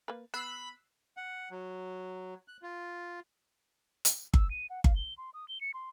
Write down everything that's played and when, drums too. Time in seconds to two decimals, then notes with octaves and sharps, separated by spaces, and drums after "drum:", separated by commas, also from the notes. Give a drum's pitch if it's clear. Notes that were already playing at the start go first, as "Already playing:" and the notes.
0.08 A#3 B4
0.34 B3 B5 E6 F#6 C7
1.17 F#5
1.51 F#3
2.48 F#6
2.63 F4
4.05 drum: hi-hat
4.34 E6, drum: kick G1
4.51 D#7
4.70 F#5
4.84 F5, drum: kick G1
4.96 G7
5.18 C6
5.34 D#6
5.48 G7
5.61 C#7
5.74 C6